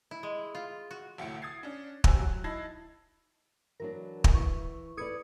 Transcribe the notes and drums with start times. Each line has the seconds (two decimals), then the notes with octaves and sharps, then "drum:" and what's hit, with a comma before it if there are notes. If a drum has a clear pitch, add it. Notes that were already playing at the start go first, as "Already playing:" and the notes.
0.11 E4
0.23 G#3
0.55 F4
0.91 F#4
1.18 F1 D2 A2 C#7 D7
1.42 D#6 G#6 A6 C7
1.63 C#4 D4
2.04 G4 C5 G#5 E6 F#6, drum: kick
2.19 F#3
2.44 D#4 E4 A5 G#6 A#6 C7
3.80 E3 F#3 D4 A#4
4.24 drum: kick
4.35 E3 C#6
4.97 A4 B4 D5 D#6 G#6 C#7